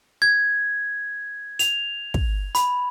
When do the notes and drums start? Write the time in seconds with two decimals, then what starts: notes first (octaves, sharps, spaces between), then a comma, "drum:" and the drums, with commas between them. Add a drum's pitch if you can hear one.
0.22 G#6
1.59 F7, drum: hi-hat
2.14 drum: kick
2.55 B5, drum: hi-hat